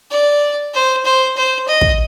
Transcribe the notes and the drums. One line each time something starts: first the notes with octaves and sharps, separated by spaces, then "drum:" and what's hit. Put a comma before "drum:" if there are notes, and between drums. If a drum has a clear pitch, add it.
D5
C5
C5
C5
D#5
drum: kick